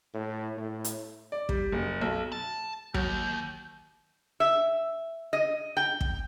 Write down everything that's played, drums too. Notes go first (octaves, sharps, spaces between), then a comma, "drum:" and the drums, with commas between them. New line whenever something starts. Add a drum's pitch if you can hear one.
A2
A2
drum: hi-hat
D5
G3, drum: kick
F#1
B1
A5
D#2 F#3 G6, drum: kick
E5
D#5
G5
drum: kick